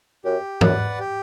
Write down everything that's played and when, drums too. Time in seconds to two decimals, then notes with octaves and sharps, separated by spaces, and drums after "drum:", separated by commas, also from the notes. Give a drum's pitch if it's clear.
0.24 F#2 G4
0.61 F#2 B4 D5 F#5, drum: tom
0.99 G4